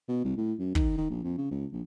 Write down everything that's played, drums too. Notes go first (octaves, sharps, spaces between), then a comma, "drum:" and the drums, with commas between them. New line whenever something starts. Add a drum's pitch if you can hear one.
B2
C2
A2
F#2
D#3, drum: kick
D#3
A#1
F2
C#3
C#2
A#1